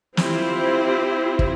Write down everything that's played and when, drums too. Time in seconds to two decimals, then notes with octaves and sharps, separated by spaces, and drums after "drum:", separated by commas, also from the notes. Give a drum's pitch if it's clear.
0.17 C4 E4 F4 G4 C5, drum: snare
1.39 drum: kick